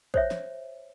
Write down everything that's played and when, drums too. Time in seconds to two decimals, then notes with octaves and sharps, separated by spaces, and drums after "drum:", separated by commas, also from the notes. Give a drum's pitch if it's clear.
0.14 C5 C#5 E5, drum: kick
0.31 drum: snare